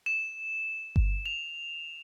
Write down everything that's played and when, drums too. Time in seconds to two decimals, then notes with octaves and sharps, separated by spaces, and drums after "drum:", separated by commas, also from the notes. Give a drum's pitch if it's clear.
0.06 E7
0.96 drum: kick G1
1.26 F7